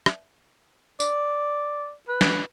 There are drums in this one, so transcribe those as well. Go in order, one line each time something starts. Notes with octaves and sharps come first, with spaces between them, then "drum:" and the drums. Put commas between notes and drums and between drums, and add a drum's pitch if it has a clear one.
drum: rim click
D5, drum: tambourine
B4
drum: snare